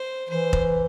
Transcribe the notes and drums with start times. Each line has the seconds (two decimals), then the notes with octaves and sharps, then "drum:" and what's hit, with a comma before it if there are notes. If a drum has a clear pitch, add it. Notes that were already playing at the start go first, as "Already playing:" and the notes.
Already playing: C5
0.29 E3 C5
0.53 drum: kick F1